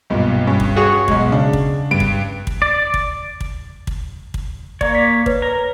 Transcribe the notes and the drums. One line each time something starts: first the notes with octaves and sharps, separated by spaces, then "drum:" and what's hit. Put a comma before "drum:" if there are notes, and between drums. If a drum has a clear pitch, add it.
B1 G2 A#2
G2 C#4
drum: kick
F#4 G#4 C#5
B1 G#3, drum: kick
C#3 D4
drum: kick
G2 D7
drum: kick
drum: kick
D5
drum: kick
drum: kick
drum: kick
drum: kick
A#3 C#5 D5, drum: kick
B6
B4 C#5, drum: kick
A#4